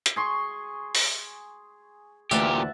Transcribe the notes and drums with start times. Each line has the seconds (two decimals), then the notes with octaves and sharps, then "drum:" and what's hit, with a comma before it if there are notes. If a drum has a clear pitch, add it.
0.06 drum: hi-hat
0.16 G#4 C6 C#6
0.95 drum: open hi-hat
2.31 D2 A#2 E3 G4 E5 F#5 A5, drum: tambourine